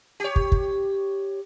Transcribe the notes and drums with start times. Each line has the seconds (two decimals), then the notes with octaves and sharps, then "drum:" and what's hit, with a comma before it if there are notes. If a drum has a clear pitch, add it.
0.20 G4 C#5
0.36 drum: kick
0.52 drum: kick